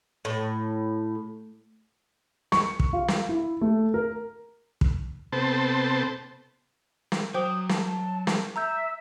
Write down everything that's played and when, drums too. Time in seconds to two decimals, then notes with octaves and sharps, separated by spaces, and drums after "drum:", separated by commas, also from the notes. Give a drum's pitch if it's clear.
0.25 A2
2.52 C#6, drum: snare
2.80 drum: kick
2.93 F4
3.08 drum: snare
3.29 E4
3.61 A3
3.94 A#4
4.81 drum: kick
5.33 C3 B3 C4 A4 C5 A5
7.12 drum: snare
7.34 F#3 C5 G5 D6 D#6
7.69 A5, drum: snare
8.27 drum: snare
8.56 E5 A#5 E6 G6